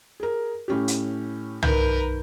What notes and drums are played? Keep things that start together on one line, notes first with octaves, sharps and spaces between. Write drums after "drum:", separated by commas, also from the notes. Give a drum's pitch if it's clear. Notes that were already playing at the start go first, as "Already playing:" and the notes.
G#4 A#4
A2 C#4 G4
drum: hi-hat
D#3 A#4 B4 G6, drum: tom C2